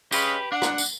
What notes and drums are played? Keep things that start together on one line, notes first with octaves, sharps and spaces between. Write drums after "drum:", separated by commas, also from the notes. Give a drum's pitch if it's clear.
C#3 G#3 G4 B4, drum: tambourine
D4 F#5
drum: rim click
drum: tambourine